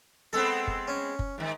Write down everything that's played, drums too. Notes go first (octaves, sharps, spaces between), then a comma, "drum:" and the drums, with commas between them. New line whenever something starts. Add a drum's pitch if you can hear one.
G#3 B3 C4 A4
drum: kick
C#4
drum: kick
G#2 D#3